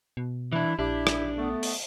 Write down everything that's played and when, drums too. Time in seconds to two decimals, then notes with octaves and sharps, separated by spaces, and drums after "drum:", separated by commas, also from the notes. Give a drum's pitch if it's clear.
0.17 B2
0.53 E3 D4 E4
0.79 A#1 D4 E4 G4
1.07 drum: rim click
1.37 A3 B3
1.63 drum: open hi-hat